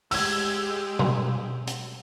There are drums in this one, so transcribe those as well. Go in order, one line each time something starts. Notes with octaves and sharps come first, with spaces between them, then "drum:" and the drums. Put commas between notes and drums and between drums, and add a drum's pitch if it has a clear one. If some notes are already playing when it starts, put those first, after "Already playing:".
G#3 G4 E6 G#6, drum: open hi-hat
drum: tom B2
drum: hi-hat